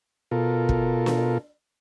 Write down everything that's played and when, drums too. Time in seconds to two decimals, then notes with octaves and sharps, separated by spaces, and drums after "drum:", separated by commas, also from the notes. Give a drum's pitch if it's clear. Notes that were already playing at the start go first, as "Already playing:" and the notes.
0.31 B2 F4 A4 A#4
0.69 drum: kick
1.06 drum: snare